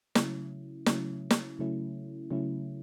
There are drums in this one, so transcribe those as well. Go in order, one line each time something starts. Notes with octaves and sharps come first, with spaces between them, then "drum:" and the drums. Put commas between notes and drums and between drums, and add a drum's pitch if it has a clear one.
C#3 F#3 A3 C#4 E4, drum: snare
C#3 F#3 A3 C#4 E4, drum: snare
drum: snare
C#3 F#3 A3 C#4 E4
C#3 F#3 A3 C#4 E4